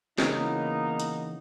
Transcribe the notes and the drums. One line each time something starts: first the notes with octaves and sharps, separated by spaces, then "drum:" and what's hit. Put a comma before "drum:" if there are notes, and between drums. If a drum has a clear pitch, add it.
C#3 E3 A#3 B3 D#4, drum: snare
drum: hi-hat